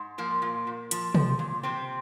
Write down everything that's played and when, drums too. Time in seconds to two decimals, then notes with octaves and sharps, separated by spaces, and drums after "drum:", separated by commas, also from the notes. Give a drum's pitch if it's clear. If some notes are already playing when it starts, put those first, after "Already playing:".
Already playing: G#2
0.18 F3 A#3
0.42 A#2
0.67 A#2
0.91 F3, drum: hi-hat
1.15 F3, drum: tom
1.39 A#2
1.63 C3 C4